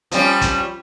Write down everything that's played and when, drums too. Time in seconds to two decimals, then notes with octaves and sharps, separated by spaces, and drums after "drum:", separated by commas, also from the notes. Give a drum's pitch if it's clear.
0.11 F3 G3 C#4, drum: hi-hat
0.41 drum: kick, hi-hat